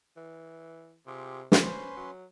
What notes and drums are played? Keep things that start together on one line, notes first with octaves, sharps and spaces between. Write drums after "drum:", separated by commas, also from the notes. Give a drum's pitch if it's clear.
E3
C3 F4 G4 G#4
drum: snare
C#4 B4 C5 C6
F#3